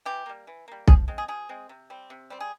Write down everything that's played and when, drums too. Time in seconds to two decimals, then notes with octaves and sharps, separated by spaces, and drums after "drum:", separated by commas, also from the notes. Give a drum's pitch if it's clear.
0.05 E3 G4
0.26 G3 A#3
0.47 E3
0.68 G3 A#3
0.88 F3 G#4, drum: kick B1
1.08 G#3 C4
1.18 G#4
1.28 F3 G#4
1.49 G#3 C4
1.69 C3
1.90 G3 C4
2.10 C3
2.30 G3 C4
2.40 G#4